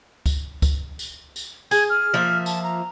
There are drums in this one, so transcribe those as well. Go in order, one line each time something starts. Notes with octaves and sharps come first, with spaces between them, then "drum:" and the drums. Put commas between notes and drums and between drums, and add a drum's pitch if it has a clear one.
drum: kick C#2, tambourine
drum: kick C#2, tambourine
drum: tambourine
drum: tambourine
G#4 G#6, drum: tambourine
F6
F3 A#3 E5
A5, drum: tambourine
A#5